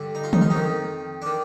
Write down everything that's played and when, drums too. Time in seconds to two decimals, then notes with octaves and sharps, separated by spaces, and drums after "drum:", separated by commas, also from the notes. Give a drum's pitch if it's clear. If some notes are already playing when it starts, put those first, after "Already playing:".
Already playing: G2 D3
0.15 D#4
0.24 F4
0.33 D#4, drum: tom
0.41 F4
0.50 F2 D#3 D#4
1.22 D#3 D4